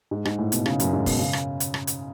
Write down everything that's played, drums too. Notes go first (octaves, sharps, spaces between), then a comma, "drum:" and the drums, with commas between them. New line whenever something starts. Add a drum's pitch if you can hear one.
G#2
G#2, drum: rim click
A2
B2, drum: hi-hat
C#3, drum: rim click
F#2, drum: hi-hat
G#2
B2, drum: kick F1, open hi-hat
C#3
drum: rim click
drum: hi-hat
drum: rim click
drum: hi-hat